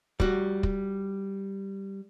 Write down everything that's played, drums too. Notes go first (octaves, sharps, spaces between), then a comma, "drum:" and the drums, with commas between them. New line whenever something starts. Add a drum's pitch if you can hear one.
G3 F#4, drum: kick
drum: kick